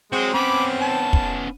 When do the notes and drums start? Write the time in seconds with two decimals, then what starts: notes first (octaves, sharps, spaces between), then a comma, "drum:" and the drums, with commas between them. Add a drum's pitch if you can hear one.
0.12 G#3 C4 F#4 C#5
0.34 B3 C#4 B5 D6
0.81 A5
1.13 drum: kick